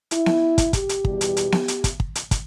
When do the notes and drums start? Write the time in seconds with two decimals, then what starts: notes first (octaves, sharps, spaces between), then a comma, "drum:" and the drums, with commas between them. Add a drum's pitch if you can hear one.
0.11 E4, drum: hi-hat
0.26 drum: snare B3
0.58 drum: kick, hi-hat
0.73 G4, drum: kick, hi-hat
0.89 drum: hi-hat
1.05 E2 B2 G3, drum: kick
1.21 drum: hi-hat
1.37 drum: hi-hat
1.52 drum: snare B3
1.68 drum: hi-hat
1.84 drum: kick, hi-hat
2.00 drum: kick
2.15 drum: hi-hat
2.31 drum: kick, hi-hat